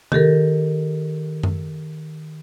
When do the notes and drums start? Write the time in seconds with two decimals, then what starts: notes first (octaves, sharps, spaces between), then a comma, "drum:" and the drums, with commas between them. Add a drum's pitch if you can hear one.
0.12 D#3 G4 A4 A#4, drum: tom C3
1.43 drum: tom F#2